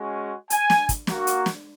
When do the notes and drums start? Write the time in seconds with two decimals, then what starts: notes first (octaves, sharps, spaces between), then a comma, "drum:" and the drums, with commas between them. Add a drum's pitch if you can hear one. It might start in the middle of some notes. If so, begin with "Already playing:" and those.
Already playing: G#3 C#4 F#4
0.50 G#5, drum: hi-hat
0.70 drum: snare
0.89 drum: kick, hi-hat
1.07 A#3 F#4, drum: snare
1.27 drum: hi-hat
1.46 drum: snare